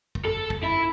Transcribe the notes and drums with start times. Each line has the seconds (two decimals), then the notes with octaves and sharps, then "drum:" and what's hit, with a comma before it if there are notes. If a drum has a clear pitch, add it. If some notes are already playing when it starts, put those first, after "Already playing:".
0.15 drum: kick
0.25 A4
0.50 drum: kick
0.63 E4